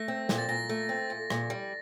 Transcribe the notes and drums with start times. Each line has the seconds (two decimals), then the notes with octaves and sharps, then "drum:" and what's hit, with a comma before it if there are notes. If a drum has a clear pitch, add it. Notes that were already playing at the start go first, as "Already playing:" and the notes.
Already playing: A3 A#6
0.08 C4
0.29 A#2, drum: snare
0.38 A6
0.49 A#2 A#6
0.69 A3
0.89 C4
1.10 A#2
1.30 A#2, drum: rim click
1.50 G3